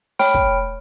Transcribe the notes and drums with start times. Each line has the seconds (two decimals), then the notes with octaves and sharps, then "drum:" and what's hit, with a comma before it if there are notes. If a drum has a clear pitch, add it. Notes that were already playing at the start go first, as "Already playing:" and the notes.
0.19 A3 C#5 G5 B5 F6 D7, drum: open hi-hat
0.34 drum: kick